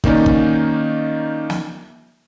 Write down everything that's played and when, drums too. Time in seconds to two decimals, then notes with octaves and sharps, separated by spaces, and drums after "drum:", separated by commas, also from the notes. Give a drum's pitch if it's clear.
0.04 D#3 A#3 C#4 D#4 D5, drum: kick
0.26 drum: kick
1.50 drum: snare